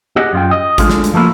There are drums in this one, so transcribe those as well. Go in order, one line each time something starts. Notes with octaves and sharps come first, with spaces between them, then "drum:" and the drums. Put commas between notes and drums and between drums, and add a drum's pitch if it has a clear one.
G4 G#4 D#5 F#5
F#2 F4 G5
D#5
D2 D3 G#3 F4, drum: kick, hi-hat
drum: snare
drum: hi-hat
F3 A3 A#3 E4 F4